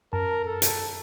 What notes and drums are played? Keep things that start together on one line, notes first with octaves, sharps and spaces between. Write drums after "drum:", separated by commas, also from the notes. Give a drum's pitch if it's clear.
F#2 A#4 A5
A4
drum: hi-hat